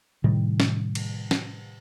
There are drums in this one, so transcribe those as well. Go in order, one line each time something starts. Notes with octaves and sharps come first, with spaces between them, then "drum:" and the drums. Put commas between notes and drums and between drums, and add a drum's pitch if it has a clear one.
A2 C3 D#3 G3
drum: snare
drum: cymbal
drum: snare